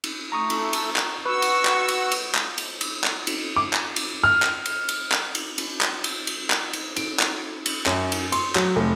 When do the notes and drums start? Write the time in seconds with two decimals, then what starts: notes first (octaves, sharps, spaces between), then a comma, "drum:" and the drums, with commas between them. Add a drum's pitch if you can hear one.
0.04 drum: cymbal
0.32 A3 A#5 C#6 D#6
0.50 drum: cymbal
0.73 drum: cymbal
0.96 drum: clap
1.26 F#4 B4 C#6 E6
1.42 drum: cymbal
1.65 drum: clap
1.88 drum: cymbal
2.12 drum: cymbal
2.35 drum: clap
2.58 drum: cymbal
2.81 drum: cymbal
3.04 drum: clap
3.27 drum: cymbal
3.56 D6
3.73 drum: clap
3.96 drum: cymbal
4.24 F6
4.42 drum: clap
4.66 drum: cymbal
4.89 drum: cymbal
5.12 drum: clap
5.35 drum: cymbal
5.58 drum: cymbal
5.81 drum: clap
6.04 drum: cymbal
6.27 drum: cymbal
6.50 drum: clap
6.73 drum: cymbal
6.96 D7, drum: cymbal
7.20 drum: clap
7.66 drum: cymbal
7.86 F#2, drum: clap
8.12 drum: cymbal
8.32 C6, drum: cymbal
8.55 F#3, drum: clap
8.76 F1